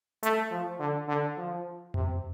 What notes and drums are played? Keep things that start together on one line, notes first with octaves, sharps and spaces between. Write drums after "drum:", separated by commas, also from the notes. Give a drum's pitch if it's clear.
A3, drum: hi-hat
F3
D3
D3
F3
C3, drum: tom F2